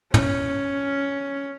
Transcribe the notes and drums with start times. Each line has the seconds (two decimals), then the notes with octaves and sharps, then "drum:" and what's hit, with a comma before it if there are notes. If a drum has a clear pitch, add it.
0.14 C#4, drum: tom